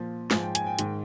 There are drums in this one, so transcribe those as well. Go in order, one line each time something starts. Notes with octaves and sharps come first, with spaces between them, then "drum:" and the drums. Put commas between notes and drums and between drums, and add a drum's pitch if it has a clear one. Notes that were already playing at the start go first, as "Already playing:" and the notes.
Already playing: A#2 F3
G#2 F3 G#5, drum: snare
G5
G#5, drum: hi-hat
G5
G#2 D#3, drum: hi-hat